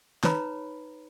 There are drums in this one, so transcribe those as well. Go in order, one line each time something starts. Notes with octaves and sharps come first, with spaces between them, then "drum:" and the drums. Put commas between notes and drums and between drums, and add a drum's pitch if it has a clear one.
D#4 B4 C#5 A#5 B5, drum: snare